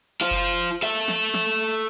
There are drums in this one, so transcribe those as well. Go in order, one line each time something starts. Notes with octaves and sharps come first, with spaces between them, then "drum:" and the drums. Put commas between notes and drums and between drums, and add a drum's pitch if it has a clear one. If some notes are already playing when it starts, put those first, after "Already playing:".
F4 C5
drum: kick F#1
A4 E5
drum: snare
drum: snare